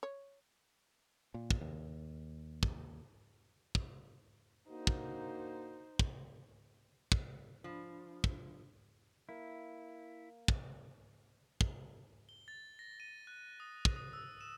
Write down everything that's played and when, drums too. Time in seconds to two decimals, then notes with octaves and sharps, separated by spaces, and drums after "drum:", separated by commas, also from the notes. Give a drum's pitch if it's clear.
0.03 C#5
1.34 A#2
1.50 drum: kick
1.61 D#2
2.63 drum: kick
3.75 drum: kick
4.69 A#3 D4 D#4 F#4 C5
4.87 drum: kick
5.99 drum: kick
7.12 drum: kick
7.64 F3 D4 B5
8.24 drum: kick
9.29 A#3 E4
10.48 drum: kick
11.61 drum: kick
12.29 G7
12.48 A6
12.79 A#6
13.00 D#7
13.27 F#6
13.60 D#6
13.85 drum: kick
13.96 D#6
14.13 E6
14.41 E7